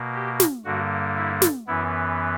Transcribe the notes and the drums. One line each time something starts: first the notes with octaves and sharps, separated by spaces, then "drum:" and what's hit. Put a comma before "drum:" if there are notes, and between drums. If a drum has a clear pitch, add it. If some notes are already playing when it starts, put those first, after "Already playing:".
Already playing: B2 A#3
G4
drum: snare
G2 D3 G3 A#3 F#4
E4
drum: snare
F#2 E3 B3 E4